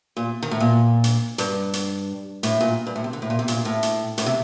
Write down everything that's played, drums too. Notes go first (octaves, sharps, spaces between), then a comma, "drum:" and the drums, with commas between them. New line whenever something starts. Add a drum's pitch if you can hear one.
A#2
D#3
A2
A#2
drum: hi-hat
G2, drum: hi-hat
drum: hi-hat
A2, drum: hi-hat
A#2
G2
A2
C3
D3
A2
A#2
C3
A#2, drum: hi-hat
A2
drum: hi-hat
A2, drum: hi-hat
C3